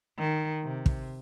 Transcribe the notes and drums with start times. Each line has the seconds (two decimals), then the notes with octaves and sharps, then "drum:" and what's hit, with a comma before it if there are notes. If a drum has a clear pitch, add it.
0.19 D#3
0.64 C3
0.86 drum: kick